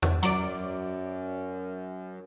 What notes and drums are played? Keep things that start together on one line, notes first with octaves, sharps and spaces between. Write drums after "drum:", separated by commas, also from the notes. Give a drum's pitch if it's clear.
drum: tom E2
F#2 F#3 D5, drum: hi-hat